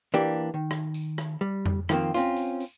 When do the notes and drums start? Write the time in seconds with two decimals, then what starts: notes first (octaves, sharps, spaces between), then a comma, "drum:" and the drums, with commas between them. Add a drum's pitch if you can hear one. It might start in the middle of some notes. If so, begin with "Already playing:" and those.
0.14 E3 A#3 D4 G4
0.54 D#3
0.71 drum: rim click
0.94 drum: tambourine
1.18 drum: rim click
1.41 G3
1.66 drum: tom F2
1.89 D#3 F3 A3 A#3 C4, drum: rim click
2.14 C4 C#4 F4, drum: tambourine
2.37 drum: tambourine
2.60 drum: tambourine